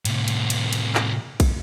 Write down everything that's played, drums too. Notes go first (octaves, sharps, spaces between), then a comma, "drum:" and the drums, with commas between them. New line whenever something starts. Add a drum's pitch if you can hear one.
A2 C3, drum: cymbal
drum: cymbal
drum: cymbal
drum: cymbal
drum: clap
drum: kick, cymbal